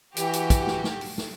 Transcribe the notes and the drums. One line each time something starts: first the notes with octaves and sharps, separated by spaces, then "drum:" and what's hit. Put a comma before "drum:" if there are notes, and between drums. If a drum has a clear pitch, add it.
E3 F#4 G4, drum: hi-hat
drum: hi-hat
drum: kick, hi-hat
drum: snare
drum: snare
drum: open hi-hat
drum: snare